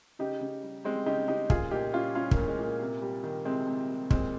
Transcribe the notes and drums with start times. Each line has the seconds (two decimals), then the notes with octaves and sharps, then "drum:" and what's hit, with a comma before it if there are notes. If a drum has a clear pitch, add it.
0.19 C#3 D#4 G4
0.41 C#3
0.63 G3
0.84 G3 G#3 C4
1.06 C#3 D#4 G4
1.28 C#3 D#4 G4
1.50 A#2 F4 G#4, drum: kick
1.71 A#2 D#4 G4
1.93 G3 C#4 F4
2.15 G3 C#4 F4
2.31 A#3, drum: kick
2.37 A#2
2.48 G#3
2.59 A#2
2.64 A#3
2.80 C3 A#3
3.02 G3
3.24 D#3
3.45 C3 G#3 C4
3.67 C3
3.89 G3
4.11 A#2 G#3 C4, drum: kick